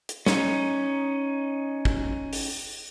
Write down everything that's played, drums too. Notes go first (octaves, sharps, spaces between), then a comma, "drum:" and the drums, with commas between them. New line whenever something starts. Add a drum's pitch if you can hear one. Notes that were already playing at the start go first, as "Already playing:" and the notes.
drum: hi-hat
C#4 D#4, drum: snare
drum: kick
drum: open hi-hat